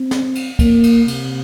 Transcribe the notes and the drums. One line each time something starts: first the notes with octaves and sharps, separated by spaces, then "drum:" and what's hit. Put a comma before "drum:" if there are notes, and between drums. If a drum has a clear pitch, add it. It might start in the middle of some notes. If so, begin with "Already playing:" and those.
Already playing: C4
drum: snare
drum: cymbal
A#3, drum: kick, cymbal
drum: cymbal
C3, drum: cymbal